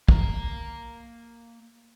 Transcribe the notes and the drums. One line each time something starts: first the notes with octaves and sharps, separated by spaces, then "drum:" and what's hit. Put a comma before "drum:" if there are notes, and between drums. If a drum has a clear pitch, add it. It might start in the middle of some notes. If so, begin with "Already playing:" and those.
A#3 A#5, drum: kick